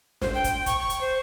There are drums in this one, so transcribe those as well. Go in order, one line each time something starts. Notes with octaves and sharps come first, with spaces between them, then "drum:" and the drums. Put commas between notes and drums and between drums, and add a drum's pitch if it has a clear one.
C5, drum: snare
G5
drum: kick, hi-hat
C#6, drum: kick, hi-hat
C#6
drum: hi-hat
C5